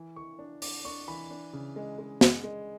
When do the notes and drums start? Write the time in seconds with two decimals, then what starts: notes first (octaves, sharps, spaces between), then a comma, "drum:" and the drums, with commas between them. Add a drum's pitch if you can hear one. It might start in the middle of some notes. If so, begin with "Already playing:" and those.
Already playing: E3
0.16 E3 C#6
0.39 D4
0.62 D4 D6, drum: open hi-hat
0.85 D4 C#6
1.08 E3 B5
1.30 D4
1.53 C#3
1.76 G#3
1.99 G#3
2.21 G#3, drum: snare
2.44 G#3